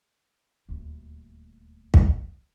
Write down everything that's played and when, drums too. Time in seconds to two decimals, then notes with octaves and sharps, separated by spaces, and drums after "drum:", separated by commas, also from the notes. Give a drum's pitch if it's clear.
0.69 D#1 D2
1.94 drum: kick